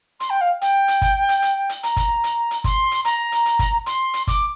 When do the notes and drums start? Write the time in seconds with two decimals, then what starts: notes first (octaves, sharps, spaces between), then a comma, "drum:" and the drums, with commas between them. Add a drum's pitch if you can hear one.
0.20 C6, drum: hi-hat
0.30 G5
0.41 F5
0.61 G5, drum: hi-hat
0.88 drum: hi-hat
1.02 drum: kick G1, hi-hat
1.29 drum: hi-hat
1.42 drum: hi-hat
1.69 drum: hi-hat
1.83 A#5, drum: hi-hat
1.97 drum: kick G1, hi-hat
2.24 drum: hi-hat
2.51 drum: hi-hat
2.64 C6, drum: kick G1, hi-hat
2.91 drum: hi-hat
3.05 A#5, drum: hi-hat
3.32 drum: hi-hat
3.46 drum: hi-hat
3.59 drum: kick G1, hi-hat
3.86 C6, drum: hi-hat
4.14 drum: hi-hat
4.27 D6, drum: kick G1, hi-hat